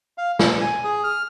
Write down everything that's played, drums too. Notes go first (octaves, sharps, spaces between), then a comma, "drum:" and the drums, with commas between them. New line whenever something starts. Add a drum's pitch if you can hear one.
F5
D4, drum: snare
G#5
G#4
F6